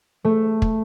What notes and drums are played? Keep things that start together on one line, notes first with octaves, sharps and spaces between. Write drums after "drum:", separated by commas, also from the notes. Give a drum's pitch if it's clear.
A3
drum: kick